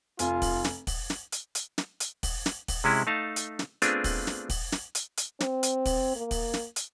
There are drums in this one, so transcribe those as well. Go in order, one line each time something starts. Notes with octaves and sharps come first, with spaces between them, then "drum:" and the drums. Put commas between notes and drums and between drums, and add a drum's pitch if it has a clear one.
F1 F4 G#5, drum: hi-hat
drum: kick, open hi-hat
drum: snare
drum: kick, open hi-hat
drum: snare
drum: hi-hat
drum: hi-hat
drum: snare
drum: hi-hat
drum: kick, open hi-hat
drum: snare
drum: kick, open hi-hat
C3 G#3 C#4 E4
A3 D#4 F5 A5
drum: hi-hat
drum: snare
A3 B3 C4 D4 F4 G#4, drum: hi-hat
drum: kick, open hi-hat
drum: snare
drum: kick, open hi-hat
drum: snare
drum: hi-hat
drum: hi-hat
C4, drum: snare
drum: hi-hat
drum: kick, open hi-hat
A#3
drum: kick, open hi-hat
drum: snare
drum: hi-hat